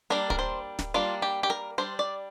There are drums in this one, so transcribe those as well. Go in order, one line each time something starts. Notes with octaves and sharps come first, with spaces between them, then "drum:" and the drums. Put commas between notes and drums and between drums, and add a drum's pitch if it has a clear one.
G3 A#3 D4 A#4
A#4, drum: kick
C5
drum: snare
G3 A#3 D4 F4
G4
G4
A#4
G3 D4 C5
D5